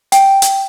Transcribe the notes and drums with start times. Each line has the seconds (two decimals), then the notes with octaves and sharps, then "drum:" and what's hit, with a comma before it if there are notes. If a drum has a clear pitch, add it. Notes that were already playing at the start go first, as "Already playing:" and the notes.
0.12 G5, drum: hi-hat
0.42 drum: hi-hat